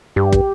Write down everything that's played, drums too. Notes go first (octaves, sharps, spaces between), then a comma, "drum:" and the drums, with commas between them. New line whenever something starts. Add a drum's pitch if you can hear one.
G2 G4
G4, drum: kick